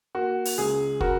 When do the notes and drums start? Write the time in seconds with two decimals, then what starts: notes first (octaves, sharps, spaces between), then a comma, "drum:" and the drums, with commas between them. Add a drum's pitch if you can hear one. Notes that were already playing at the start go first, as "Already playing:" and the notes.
0.15 A#3 F#4
0.45 drum: open hi-hat
0.58 C#2 G#4
1.01 C#3 F#4 A#4, drum: kick